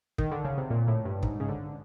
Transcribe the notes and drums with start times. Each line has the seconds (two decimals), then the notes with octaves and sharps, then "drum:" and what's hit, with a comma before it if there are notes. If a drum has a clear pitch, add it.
0.18 D#3, drum: kick
0.31 D3
0.45 C#3
0.58 C3
0.70 A#2
0.88 A2
1.05 G2
1.23 G#2, drum: kick
1.40 C#3
1.48 D3